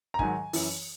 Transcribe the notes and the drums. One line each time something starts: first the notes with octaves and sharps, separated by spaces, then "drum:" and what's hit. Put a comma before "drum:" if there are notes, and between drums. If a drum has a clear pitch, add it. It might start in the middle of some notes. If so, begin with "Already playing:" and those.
A#5
G#2 D#3 F#3 G#5, drum: kick
F#2 E3, drum: open hi-hat